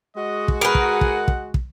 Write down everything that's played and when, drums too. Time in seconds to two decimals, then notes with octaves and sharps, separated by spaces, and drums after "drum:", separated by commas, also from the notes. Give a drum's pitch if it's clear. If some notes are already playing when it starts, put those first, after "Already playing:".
0.16 G#3 F#4 D#5
0.48 drum: kick
0.61 G#4 A#4 B4 F#5
0.75 drum: kick
1.01 drum: kick
1.28 drum: kick
1.54 drum: kick